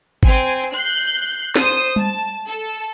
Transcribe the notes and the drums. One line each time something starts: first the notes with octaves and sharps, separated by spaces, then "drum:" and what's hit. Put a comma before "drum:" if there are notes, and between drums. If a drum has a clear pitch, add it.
C4 G#5, drum: kick G#1
F#6 G6 C7
C5 D#6, drum: snare
A5, drum: tom G3
A4